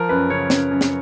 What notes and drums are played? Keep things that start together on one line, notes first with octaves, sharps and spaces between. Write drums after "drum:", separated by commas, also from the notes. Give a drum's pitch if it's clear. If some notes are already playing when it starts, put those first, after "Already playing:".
Already playing: F3 A#4
F#2 B4
C#3 C#5
F#2, drum: snare
F#2
drum: snare